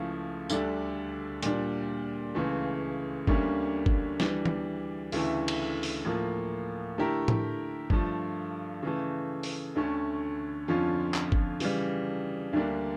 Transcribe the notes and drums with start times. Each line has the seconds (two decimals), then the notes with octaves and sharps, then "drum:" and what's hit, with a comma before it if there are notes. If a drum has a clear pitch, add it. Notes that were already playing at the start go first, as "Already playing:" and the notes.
Already playing: C#2 C#3 F3 A3 E4
0.50 D2 D3 G3 D4 A4, drum: tambourine
1.43 A#2 G3 D4, drum: hi-hat
2.35 C#2 C#3 E3 A3
3.27 D2 D3 G3 A#3 C#4, drum: kick
3.86 drum: kick
4.20 E3 G3 D4, drum: snare
4.46 drum: tom D#3
5.12 D2 C#3 E3 A3 E4, drum: open hi-hat
5.48 drum: cymbal
5.83 drum: open hi-hat
6.05 A2 F3 A#3
6.98 D3 A3 E4 G4 A#4
7.28 drum: tom A2
7.90 G2 F3 A3, drum: kick
8.83 C#3 E3 A3
9.43 drum: open hi-hat
9.75 D2 D3 A3 C#4
10.68 F2 D3 F3 C#4 F4
11.14 drum: clap
11.32 drum: kick
11.60 C#3 E3 G3, drum: open hi-hat
12.53 D2 D3 G3 A#3 D4